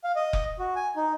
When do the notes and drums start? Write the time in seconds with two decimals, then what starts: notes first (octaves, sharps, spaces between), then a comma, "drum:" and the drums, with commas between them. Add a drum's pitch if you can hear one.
0.04 F5
0.16 D#5
0.33 drum: kick F1
0.59 F#4
0.76 G#5
0.96 D#4